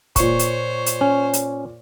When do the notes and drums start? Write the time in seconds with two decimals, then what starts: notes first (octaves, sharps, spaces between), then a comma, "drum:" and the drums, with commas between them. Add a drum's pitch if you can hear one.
0.16 A#2 C5 C#5 C#6, drum: kick, hi-hat
0.39 drum: hi-hat
0.86 drum: hi-hat
1.01 C#4
1.33 drum: hi-hat